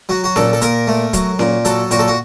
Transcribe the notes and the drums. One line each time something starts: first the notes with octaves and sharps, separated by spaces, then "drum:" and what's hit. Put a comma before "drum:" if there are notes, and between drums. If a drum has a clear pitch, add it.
F#3 F#4
F#4
A#2 A4, drum: snare C#4
A4
A#2 A#4, drum: hi-hat
A3
F#3, drum: kick, hi-hat
A#2, drum: snare C#4
F#3 A4, drum: hi-hat
A#2 F#4, drum: hi-hat
A4
F#4